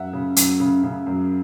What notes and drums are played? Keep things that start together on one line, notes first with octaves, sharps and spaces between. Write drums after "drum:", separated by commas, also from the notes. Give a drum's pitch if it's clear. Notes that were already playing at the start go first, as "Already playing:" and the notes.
Already playing: F#2 E5 F#5
C#3
F#2, drum: hi-hat
C#3
C#3
F#2